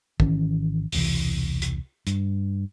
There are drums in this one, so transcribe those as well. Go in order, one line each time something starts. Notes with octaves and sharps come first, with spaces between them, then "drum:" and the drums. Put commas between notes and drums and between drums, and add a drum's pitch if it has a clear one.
G#1 D#3 E3 C#4, drum: kick
E1 C2 E3, drum: open hi-hat
drum: hi-hat
G2, drum: hi-hat